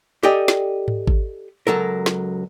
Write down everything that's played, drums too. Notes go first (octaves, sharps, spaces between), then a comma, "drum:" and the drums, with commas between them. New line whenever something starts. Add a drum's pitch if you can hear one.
G4 A4 D5 D#5 G5 G#5
drum: snare
drum: tom G#2
drum: kick G#1
C#2 F#3 A4 A#4
drum: snare